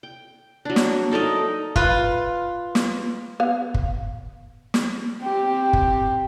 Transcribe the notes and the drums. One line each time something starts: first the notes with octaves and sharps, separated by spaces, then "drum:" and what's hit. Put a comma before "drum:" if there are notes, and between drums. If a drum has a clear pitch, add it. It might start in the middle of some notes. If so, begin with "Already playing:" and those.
G5
F#3 D4
drum: snare
D#4 A4 A#4 D#5
F4 B4, drum: kick
drum: snare
B3 F5
drum: kick
drum: snare
C4 G4
drum: kick